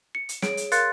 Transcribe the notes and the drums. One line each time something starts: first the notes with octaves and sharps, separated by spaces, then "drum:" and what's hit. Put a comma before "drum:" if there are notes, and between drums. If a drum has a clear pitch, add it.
C#7
drum: hi-hat
G#4 C#5 D7, drum: snare
drum: hi-hat
A#4 F5 C6 F#6 A6 C#7, drum: hi-hat